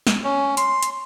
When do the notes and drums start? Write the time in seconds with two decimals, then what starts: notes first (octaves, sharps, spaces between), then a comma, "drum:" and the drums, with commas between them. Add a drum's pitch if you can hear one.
0.07 drum: snare
0.24 C#4
0.57 C6, drum: hi-hat
0.83 drum: hi-hat